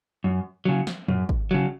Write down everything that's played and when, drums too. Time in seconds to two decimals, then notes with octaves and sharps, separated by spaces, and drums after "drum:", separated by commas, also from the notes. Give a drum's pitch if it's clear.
0.24 F#2
0.65 C#3 F#3
0.87 drum: snare
1.08 F#2, drum: tom A2
1.29 drum: kick G#1
1.51 C#3 F#3